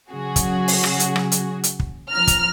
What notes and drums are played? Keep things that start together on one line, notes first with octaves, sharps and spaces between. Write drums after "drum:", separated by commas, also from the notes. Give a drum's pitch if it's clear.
C#3 F#3 F#4 G#4
drum: kick, hi-hat
drum: open hi-hat
drum: rim click
drum: hi-hat
drum: rim click
drum: hi-hat
drum: hi-hat
drum: kick
F3 A#5 F6
drum: kick, hi-hat